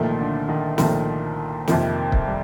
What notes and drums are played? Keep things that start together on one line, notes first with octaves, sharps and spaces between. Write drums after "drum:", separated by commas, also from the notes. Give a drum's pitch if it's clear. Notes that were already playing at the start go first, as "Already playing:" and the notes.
Already playing: C2 A#2 D#3 F3 A3
D3
D#3
C2 A#2 D#3 F3 A3, drum: snare
F2 C3 D#3 F3 A#3, drum: snare
drum: kick C#1
G3